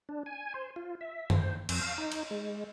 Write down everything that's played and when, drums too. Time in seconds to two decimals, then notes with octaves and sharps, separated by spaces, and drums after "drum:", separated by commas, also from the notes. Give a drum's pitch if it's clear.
0.09 D4
0.26 G#5
0.54 C5
0.76 F4
1.01 E5
1.30 C5, drum: tom F#2
1.69 F2, drum: cymbal
1.81 F5
1.98 D#4
2.12 drum: cymbal
2.31 G#3